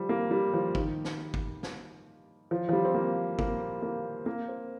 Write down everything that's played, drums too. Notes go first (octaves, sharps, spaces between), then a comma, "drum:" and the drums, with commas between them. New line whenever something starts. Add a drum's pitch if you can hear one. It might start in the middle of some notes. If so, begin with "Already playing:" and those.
Already playing: F3 G3
A#3
G3
F3
D#3, drum: kick
drum: snare
drum: kick
drum: snare
F3
F3
G3
C4
A#3
A#3, drum: kick
A#3
A#3
C4